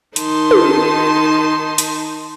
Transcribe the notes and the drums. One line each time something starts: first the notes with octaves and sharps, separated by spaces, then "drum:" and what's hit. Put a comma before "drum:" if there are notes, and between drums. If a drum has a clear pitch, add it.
D#3 D#4 A5 C6, drum: hi-hat
drum: tom
drum: hi-hat